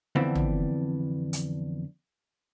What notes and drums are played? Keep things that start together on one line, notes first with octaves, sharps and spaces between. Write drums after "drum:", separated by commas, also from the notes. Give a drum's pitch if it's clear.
F2 D3 E3 B3 C4 D4
drum: tom
drum: hi-hat